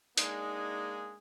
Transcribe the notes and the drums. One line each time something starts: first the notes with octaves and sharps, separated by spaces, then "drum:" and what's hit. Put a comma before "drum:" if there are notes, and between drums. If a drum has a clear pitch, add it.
G#3 A#3 D4 D#4 G#4, drum: hi-hat